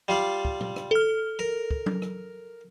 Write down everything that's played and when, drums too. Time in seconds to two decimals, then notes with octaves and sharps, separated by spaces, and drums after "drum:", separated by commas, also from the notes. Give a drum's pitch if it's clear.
0.08 G3 F4 D5
0.45 drum: kick
0.60 drum: tom A#2
0.76 drum: rim click
0.91 A4 F6
1.39 A#4
1.71 drum: kick
1.86 drum: tom F#3
2.02 drum: rim click